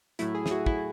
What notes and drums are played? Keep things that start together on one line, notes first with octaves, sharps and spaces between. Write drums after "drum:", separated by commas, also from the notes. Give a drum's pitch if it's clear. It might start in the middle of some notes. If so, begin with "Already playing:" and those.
A2 F#3 A3 E4, drum: hi-hat
G#4
G#4, drum: snare
F#4
E4, drum: kick